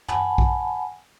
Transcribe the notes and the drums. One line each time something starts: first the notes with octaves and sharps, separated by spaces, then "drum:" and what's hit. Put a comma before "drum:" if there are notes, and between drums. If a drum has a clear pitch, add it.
F#5 G#5 A5 B5, drum: tom
drum: kick A#1